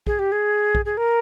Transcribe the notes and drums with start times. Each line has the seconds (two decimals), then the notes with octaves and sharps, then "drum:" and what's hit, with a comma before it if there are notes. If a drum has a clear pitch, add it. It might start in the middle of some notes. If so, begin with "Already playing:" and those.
0.07 G#4, drum: kick
0.19 G4
0.32 G#4
0.75 drum: kick
0.85 G#4
0.97 A#4